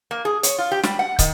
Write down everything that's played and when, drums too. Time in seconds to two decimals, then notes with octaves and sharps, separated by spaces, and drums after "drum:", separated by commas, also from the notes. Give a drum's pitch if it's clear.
0.11 A#3
0.25 G#4
0.43 C#5, drum: hi-hat
0.58 F4
0.71 G4
0.83 G3, drum: snare
0.99 F#5
1.19 D#3, drum: kick, hi-hat